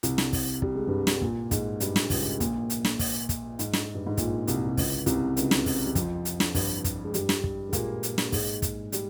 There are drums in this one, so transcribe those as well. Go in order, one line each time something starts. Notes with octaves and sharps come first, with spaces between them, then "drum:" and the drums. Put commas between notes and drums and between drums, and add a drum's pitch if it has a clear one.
C2 C3, drum: hi-hat
drum: snare
drum: kick, open hi-hat
G3, drum: kick
G#3
G2 G3
drum: snare
A#2 A#3, drum: kick
G#2 G#3, drum: kick, hi-hat
G2 G3, drum: hi-hat
drum: snare
C#2 C#3, drum: kick, open hi-hat
A#1 A#2, drum: kick, hi-hat
drum: hi-hat
drum: snare
drum: kick, open hi-hat
drum: kick, hi-hat
G#2, drum: hi-hat
drum: snare
G2
G#2
A#1 A#2, drum: kick, hi-hat
C2 C3, drum: hi-hat
C3
C#2 C#3, drum: kick, open hi-hat
C2 C3, drum: kick, hi-hat
C#2 C#3, drum: hi-hat
drum: snare
drum: kick, open hi-hat
G3
F2 F3, drum: kick, hi-hat
drum: hi-hat
drum: snare
G2 G3, drum: kick, open hi-hat
drum: kick, hi-hat
G#3
G2 G3, drum: hi-hat
drum: snare
drum: kick
G#3
A#2 A#3, drum: kick, hi-hat
drum: hi-hat
drum: snare
G#2 G#3, drum: kick, open hi-hat
drum: kick, hi-hat
G3, drum: hi-hat